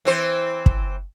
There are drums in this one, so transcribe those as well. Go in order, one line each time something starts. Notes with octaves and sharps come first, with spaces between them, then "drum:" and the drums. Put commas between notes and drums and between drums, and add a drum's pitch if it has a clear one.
E3 C4 C5
drum: kick